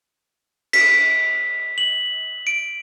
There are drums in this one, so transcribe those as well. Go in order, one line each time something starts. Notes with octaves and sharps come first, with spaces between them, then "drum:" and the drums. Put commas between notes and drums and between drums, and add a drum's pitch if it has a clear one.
B6, drum: cymbal
F#7
D7